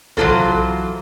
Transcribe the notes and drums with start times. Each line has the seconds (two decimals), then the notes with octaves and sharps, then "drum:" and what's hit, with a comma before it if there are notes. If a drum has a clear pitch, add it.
0.17 E3 F#3 A3 F4 A4 C5, drum: tom B1